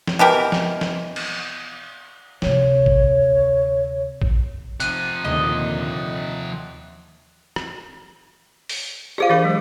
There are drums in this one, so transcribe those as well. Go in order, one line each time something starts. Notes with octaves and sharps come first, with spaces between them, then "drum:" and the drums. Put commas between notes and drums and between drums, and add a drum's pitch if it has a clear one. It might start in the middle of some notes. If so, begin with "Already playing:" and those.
drum: snare
B2 E3 G4 A#4
drum: snare
drum: snare
drum: cymbal
D2 C3 C#5, drum: snare
drum: kick A1
drum: kick A1
C3 F3 F#6 D#7, drum: hi-hat
D#2 A#2 D3 D#5
drum: rim click
drum: open hi-hat
F4 G4 G#4 C5 D5 F5
E3 D4 A#4
F#3 G#3